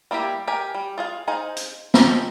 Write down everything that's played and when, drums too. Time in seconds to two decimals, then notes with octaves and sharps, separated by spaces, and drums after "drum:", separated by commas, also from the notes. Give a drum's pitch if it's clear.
0.11 G3 A#3 E4 G4
0.47 G4 A#4 G#5
0.74 G3
0.98 F4 G#4 F5
1.28 D#4 G#4 C5 F5 G#5
1.56 drum: hi-hat
1.94 F3 G#3 G4 A#5 B5, drum: snare